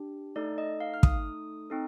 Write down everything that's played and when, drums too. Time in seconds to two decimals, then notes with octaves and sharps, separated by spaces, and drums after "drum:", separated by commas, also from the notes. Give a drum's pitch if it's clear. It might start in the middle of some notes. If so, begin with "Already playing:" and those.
Already playing: D4 G4
0.36 A3 D#4 A4 D5
0.58 D#5
0.80 F5
0.94 F6
1.03 D#6, drum: kick
1.70 C4 D#4 A4